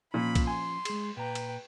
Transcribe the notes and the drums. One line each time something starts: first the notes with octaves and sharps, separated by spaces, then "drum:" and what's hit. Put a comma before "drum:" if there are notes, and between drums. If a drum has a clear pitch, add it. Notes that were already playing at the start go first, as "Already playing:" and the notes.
A#2 F3 C#4 F4 B5
drum: kick B1, cymbal
G#5 C6
G#3 G#4, drum: cymbal
A#2 B4 G5 A#5
drum: cymbal